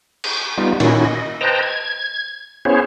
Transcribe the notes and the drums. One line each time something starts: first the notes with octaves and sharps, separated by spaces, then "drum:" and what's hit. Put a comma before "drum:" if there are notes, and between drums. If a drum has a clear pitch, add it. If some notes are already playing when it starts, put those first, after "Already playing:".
drum: cymbal
G3 B3 D#4 F4
A#2 D#3 C#4 D#4 E4 F#4, drum: cymbal
D#5
B4 C5 D#5 G5 A5 A#5
G#6
B3 C#4 E4 G#4 C5 C#5